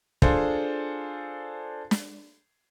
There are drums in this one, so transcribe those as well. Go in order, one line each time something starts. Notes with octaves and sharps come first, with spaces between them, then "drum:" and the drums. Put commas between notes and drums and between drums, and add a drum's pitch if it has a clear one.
D4 F4 G#4 A4 C5, drum: kick
drum: snare